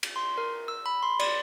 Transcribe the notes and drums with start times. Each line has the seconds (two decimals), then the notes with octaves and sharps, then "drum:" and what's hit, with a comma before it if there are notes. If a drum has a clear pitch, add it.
0.03 drum: cymbal
0.16 C6
0.38 A#4
0.68 E6
0.86 B5
1.03 C6
1.19 D5, drum: cymbal